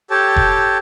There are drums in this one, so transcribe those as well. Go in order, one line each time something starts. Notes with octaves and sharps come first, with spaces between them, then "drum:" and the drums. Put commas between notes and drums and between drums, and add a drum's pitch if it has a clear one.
G4 A4 C#5 G5 A5
drum: kick F1